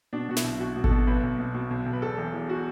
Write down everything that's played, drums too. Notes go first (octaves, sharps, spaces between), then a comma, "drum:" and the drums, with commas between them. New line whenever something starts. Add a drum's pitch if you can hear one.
B2 D4
B2 F#4
E4, drum: snare
B1
B1 F#4
B2
A4, drum: kick G#1
B2
B1 B4
B1
B2
B2
B1
B1
B4
E1 A4
E2
E3
F#4